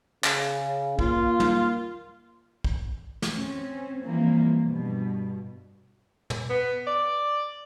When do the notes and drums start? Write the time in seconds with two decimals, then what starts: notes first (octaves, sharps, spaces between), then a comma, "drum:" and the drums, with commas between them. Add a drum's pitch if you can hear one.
0.24 C#3, drum: clap
0.99 A#3 F4, drum: kick B1
1.40 drum: tom
2.64 drum: kick B1
3.22 drum: snare
3.35 C4 C#4
4.04 E3 F3 G3 A#3 C4
4.63 G2 B2
6.30 drum: tom
6.50 B3
6.87 D5